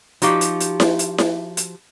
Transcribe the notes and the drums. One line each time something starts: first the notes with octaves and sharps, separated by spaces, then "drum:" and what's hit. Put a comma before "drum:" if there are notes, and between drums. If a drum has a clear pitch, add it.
F3 D#4 F#4 G4 F5, drum: hi-hat
drum: hi-hat
drum: hi-hat
drum: snare E4
drum: hi-hat
drum: snare E4
drum: hi-hat